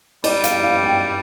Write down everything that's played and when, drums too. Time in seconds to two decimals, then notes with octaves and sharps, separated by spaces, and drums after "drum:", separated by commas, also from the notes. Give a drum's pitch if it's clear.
0.24 G3 D5, drum: cymbal
0.44 F5, drum: hi-hat
0.63 F5
0.84 G5